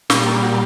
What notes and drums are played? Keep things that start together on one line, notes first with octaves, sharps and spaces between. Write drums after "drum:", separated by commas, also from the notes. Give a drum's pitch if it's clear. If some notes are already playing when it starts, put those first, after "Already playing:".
A#2 G3 C#5, drum: snare
A#4
F#4